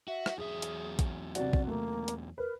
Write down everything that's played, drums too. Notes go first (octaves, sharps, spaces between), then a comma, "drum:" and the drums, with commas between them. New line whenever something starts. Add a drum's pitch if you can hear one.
F#4 E5
drum: rim click
E2 F#3 G#4 E5
drum: hi-hat
drum: kick, hi-hat
C3 F#4 D5, drum: hi-hat
drum: kick
A3 A#3
drum: hi-hat
A#4 B4